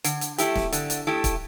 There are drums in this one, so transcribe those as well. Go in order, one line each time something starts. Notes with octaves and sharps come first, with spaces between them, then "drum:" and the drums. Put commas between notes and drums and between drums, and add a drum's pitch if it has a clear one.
D3, drum: hi-hat
drum: hi-hat
A3 E4 G4, drum: hi-hat
drum: snare
D3, drum: hi-hat
drum: hi-hat
A3 E4 G4
drum: kick, hi-hat